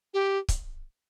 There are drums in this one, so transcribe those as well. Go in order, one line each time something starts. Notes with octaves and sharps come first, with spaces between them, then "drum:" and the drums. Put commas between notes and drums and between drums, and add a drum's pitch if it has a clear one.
G4
drum: kick C#1, hi-hat